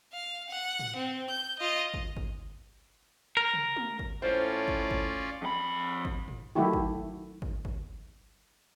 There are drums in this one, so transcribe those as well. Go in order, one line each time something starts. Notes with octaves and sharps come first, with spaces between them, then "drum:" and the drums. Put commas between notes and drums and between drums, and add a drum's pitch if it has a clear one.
F5
F#5
drum: tom
C4
G6
F4 D#5
drum: kick
drum: kick
A#4
drum: tom
drum: tom
drum: kick
A2 C#4 F4 C5 D5
drum: kick
drum: kick
F2 B5
drum: kick
drum: tom
D#3 F#3 A3 E4 F#4 G4
drum: kick
drum: kick
drum: kick